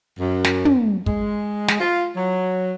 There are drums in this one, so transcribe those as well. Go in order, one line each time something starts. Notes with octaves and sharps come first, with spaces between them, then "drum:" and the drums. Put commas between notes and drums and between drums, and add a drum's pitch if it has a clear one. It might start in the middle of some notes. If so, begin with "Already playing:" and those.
F#2
drum: snare
drum: tom
G#3, drum: kick
drum: snare
F4
F#3